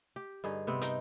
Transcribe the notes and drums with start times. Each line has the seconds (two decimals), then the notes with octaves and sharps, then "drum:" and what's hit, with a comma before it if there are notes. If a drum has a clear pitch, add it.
0.16 G4
0.44 G2 D3 D#4 G#4
0.67 C3 B3 C4
0.81 D#4 G5, drum: hi-hat